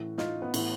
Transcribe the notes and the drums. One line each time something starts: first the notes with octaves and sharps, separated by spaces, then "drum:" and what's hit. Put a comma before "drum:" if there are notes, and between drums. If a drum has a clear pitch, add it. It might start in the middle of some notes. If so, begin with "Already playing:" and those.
Already playing: A2 E3 F#4
D#4 F4, drum: snare
B3
A2 E3, drum: cymbal